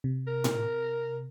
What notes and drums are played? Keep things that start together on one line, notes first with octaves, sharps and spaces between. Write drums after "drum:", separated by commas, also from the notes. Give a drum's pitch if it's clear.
C3
A#4
drum: tom A2